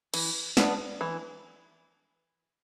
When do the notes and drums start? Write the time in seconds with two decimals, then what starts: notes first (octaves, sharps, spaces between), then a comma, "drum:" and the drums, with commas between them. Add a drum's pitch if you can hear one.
0.14 E3, drum: cymbal
0.57 B3 D4, drum: snare
1.01 E3